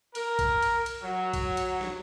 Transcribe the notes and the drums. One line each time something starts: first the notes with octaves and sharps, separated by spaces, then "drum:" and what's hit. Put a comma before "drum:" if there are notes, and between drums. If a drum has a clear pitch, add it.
A#4, drum: cymbal
drum: kick A1, cymbal
drum: cymbal
drum: cymbal
F#3
drum: kick A1, cymbal
drum: cymbal
drum: snare